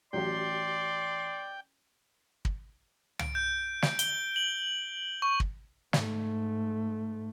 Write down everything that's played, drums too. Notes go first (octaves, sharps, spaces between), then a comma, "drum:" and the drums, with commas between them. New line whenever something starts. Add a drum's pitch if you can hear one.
A1 F#3 G4 D5 G5 C6
drum: kick
D7, drum: tom
G6
D7, drum: snare
G7, drum: hi-hat
F#7
C#6
drum: kick
G#2 A3, drum: snare